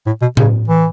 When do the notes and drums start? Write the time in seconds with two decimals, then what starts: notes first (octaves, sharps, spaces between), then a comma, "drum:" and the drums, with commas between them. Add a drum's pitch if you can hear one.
0.06 A2
0.21 B2
0.37 C#3, drum: tom A2
0.67 E3